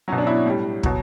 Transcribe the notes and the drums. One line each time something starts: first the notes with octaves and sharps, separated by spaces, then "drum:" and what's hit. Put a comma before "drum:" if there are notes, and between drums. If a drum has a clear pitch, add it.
B2 F#3 C#4
D4
E4
A2 G3
B2 F#3, drum: kick